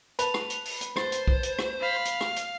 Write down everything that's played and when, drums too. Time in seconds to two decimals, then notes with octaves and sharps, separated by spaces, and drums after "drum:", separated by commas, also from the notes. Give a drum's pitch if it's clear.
0.19 B4 A5 F7, drum: hi-hat
0.34 drum: rim click
0.50 drum: hi-hat
0.65 drum: open hi-hat
0.81 drum: hi-hat
0.97 C5 A6, drum: rim click
1.12 drum: hi-hat
1.28 drum: kick B1
1.43 drum: hi-hat
1.59 drum: rim click
1.81 F5 B5
2.05 drum: hi-hat
2.21 drum: rim click
2.36 drum: hi-hat